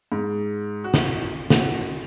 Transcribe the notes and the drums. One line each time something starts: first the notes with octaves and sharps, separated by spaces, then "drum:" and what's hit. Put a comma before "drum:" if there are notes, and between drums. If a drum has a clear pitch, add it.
G#2
F#4
drum: snare
F#4, drum: snare